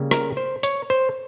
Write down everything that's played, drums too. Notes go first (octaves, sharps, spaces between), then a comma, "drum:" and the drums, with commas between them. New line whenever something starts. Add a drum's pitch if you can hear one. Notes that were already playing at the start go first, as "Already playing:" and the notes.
Already playing: C#3 G3 A#3 C#4
A#4, drum: rim click
C5
C#5, drum: hi-hat
C5